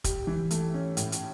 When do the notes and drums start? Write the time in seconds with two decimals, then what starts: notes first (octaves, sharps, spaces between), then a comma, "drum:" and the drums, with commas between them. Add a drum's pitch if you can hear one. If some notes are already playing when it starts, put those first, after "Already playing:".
0.04 G4, drum: kick, hi-hat
0.27 E3
0.51 A3, drum: hi-hat
0.74 C#4
0.97 A2, drum: hi-hat
1.12 drum: hi-hat